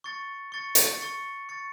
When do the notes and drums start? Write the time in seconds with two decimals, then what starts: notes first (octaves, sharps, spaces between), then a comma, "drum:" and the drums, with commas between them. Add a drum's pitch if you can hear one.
0.04 C#6 A6 C#7
0.52 C#6 A6 C#7
0.75 drum: hi-hat
1.00 C#6 A6 C#7
1.49 C#6 A6 C#7